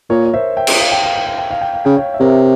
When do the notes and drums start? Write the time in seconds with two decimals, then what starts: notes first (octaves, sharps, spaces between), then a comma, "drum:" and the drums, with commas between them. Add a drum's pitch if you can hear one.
0.10 A#2 A#4 C#5
0.26 C#5
0.34 C5 E5
0.57 E5 G5
0.67 drum: cymbal
0.80 F5
0.92 G5
1.03 F5
1.15 G5
1.27 F5
1.38 G5
1.51 F5
1.61 G5
1.73 F5
1.85 C#3 G5
1.96 C#5 F5
2.14 E5
2.20 C3 A#4 C#5